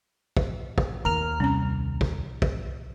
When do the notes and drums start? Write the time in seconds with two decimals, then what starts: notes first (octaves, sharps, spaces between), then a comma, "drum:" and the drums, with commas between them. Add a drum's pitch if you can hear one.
0.37 drum: kick
0.78 drum: kick
1.05 D#2 A#4 F6
1.40 C2 C#4 A#5
2.01 drum: kick
2.42 drum: kick